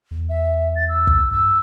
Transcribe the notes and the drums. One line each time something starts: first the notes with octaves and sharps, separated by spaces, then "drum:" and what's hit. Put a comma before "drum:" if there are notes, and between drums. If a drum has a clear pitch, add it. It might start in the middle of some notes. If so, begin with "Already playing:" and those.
E2
E5
A6
E6
drum: kick
G2 E6